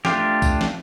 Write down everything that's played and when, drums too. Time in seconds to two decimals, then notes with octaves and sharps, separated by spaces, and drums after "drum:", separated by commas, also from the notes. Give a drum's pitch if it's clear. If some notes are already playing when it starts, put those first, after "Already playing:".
0.05 A3 D4 F4 G4, drum: snare
0.42 drum: kick B1, tambourine
0.61 drum: snare